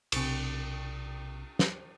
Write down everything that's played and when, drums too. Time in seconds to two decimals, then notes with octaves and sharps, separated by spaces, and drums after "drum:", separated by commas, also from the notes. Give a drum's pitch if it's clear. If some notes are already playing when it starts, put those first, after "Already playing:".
0.12 B1 C3, drum: cymbal
1.59 drum: snare